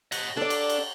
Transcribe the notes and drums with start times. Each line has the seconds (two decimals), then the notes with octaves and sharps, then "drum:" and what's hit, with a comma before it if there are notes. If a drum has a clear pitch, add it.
0.12 D#5 F#5, drum: cymbal
0.37 D4 A4 D5
0.50 drum: cymbal
0.69 drum: cymbal